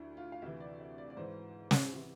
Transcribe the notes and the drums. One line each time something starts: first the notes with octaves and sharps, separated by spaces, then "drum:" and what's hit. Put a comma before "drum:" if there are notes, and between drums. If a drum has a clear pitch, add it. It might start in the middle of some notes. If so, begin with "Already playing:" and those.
Already playing: D2 D3 D4 E4
F4
F5
D2 C3 E3 E5
D5
E5
D5
D5
G#2 E3 C5
drum: snare
C3 E3